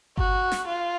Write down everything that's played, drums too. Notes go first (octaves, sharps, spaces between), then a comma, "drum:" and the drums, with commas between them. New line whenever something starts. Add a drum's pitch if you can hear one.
F#4, drum: kick G1
drum: snare
F4